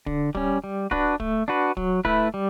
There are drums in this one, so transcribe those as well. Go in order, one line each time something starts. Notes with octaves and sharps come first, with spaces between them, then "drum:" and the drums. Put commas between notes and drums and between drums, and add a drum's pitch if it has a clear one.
D3, drum: kick
G3 C#4, drum: kick
G3
D4 F#4 B4, drum: kick
A3, drum: kick
D4 F#4 B4
F#3, drum: kick
A3 E4 B4, drum: kick
G3